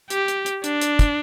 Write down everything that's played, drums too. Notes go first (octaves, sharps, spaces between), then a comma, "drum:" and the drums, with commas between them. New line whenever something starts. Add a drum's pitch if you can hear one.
G4, drum: hi-hat
drum: hi-hat
drum: hi-hat
D4, drum: hi-hat
drum: hi-hat
drum: kick, hi-hat